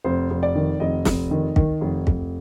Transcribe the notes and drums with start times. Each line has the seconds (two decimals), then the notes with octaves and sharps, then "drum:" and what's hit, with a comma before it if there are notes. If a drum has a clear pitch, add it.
0.04 F1 C5
0.30 F1
0.43 D5
0.55 D#3
0.80 F1 D#5
1.05 F1, drum: snare
1.31 D#3
1.56 D#3, drum: kick
1.81 F1
2.07 F1, drum: kick